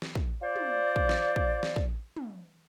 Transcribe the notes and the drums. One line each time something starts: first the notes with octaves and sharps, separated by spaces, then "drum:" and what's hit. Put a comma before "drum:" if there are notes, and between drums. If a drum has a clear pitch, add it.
drum: snare
drum: kick
F4 C5 D5
drum: tom
drum: kick
drum: snare
drum: kick
drum: snare
drum: kick
drum: tom